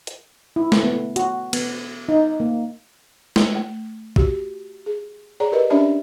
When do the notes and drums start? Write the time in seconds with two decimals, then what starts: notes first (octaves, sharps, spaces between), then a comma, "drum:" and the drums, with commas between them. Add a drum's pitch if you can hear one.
0.07 drum: hi-hat
0.56 E4
0.72 A3, drum: snare
0.83 B3
1.16 F#4, drum: hi-hat
1.53 B3, drum: cymbal
2.09 D#4
2.40 A#3
3.36 drum: snare
3.55 A3
4.16 F#4 G4, drum: kick
4.86 G#4
5.40 G#4 C#5 D5 A#5
5.52 G4 A#4 B4 D#5
5.70 C#4 D4 G4 D5 E5 A5